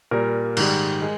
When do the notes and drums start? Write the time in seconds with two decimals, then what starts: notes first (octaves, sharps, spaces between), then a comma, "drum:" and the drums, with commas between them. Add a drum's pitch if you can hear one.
0.11 A#2 G3 A#4
0.57 G#2 D#3 G3, drum: cymbal
1.02 G#3